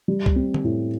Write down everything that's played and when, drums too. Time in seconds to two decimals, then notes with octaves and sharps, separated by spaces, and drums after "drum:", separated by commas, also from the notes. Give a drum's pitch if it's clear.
0.08 G3
0.26 drum: kick C2
0.36 C4
0.54 drum: tom
0.64 A2